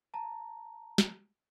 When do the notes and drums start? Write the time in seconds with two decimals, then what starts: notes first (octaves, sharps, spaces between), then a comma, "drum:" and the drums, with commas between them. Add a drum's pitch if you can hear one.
0.14 A5 A#5
0.98 drum: snare